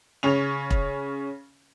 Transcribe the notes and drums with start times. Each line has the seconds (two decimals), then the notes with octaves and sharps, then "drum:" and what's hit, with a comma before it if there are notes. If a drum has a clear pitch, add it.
0.23 C#3 C#4 F7
0.70 drum: kick E1